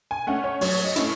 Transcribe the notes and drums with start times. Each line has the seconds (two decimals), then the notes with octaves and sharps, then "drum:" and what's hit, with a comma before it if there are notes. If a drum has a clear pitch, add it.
0.11 G#5
0.27 A3 C#4 F#5
0.44 C#5
0.61 F#3 C#5, drum: open hi-hat
0.84 D#5
0.96 A3 C#4 E4, drum: hi-hat